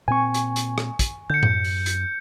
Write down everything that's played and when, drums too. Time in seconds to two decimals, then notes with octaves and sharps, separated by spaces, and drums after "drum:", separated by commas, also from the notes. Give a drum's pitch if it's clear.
0.08 A#2 C4 G#5 C#6
0.34 drum: hi-hat
0.56 drum: hi-hat
0.78 drum: rim click
0.99 drum: kick, hi-hat
1.30 D3 G6 C#7
1.43 F#2, drum: tom A2
1.64 drum: open hi-hat
1.86 drum: hi-hat